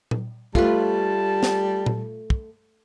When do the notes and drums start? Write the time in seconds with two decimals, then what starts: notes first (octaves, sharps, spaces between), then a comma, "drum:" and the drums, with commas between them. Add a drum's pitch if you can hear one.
0.11 drum: tom A#2
0.55 G3 A3 F4 B4 A5, drum: kick
1.43 drum: snare
1.86 drum: tom A#2
2.30 drum: kick